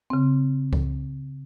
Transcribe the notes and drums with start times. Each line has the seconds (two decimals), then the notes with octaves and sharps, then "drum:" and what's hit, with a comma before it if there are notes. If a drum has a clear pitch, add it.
0.10 C#3 C4
0.73 drum: kick C#2